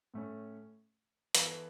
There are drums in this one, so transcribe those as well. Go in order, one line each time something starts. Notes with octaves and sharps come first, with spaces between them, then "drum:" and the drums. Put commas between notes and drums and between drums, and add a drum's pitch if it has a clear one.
A2 A3 C#4
E3 B3 A4, drum: hi-hat